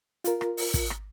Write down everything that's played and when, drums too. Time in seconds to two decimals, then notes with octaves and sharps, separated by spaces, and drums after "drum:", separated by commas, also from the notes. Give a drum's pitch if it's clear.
0.24 F4 A#4, drum: hi-hat
0.41 drum: rim click
0.57 drum: open hi-hat
0.74 drum: kick, hi-hat
0.90 drum: rim click